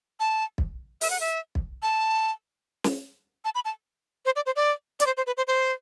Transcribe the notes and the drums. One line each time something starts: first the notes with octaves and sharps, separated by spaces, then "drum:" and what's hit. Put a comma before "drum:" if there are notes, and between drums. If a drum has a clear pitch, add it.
A5
drum: kick
E5, drum: open hi-hat
F#5
E5
drum: kick
A5
drum: snare
A5
B5
A5
C5
D5
C5
D5
D5, drum: hi-hat
C5
C5
B4
C5
C5